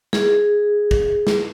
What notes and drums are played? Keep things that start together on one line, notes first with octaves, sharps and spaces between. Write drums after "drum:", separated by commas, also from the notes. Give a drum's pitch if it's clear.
G#4, drum: snare
drum: kick
drum: snare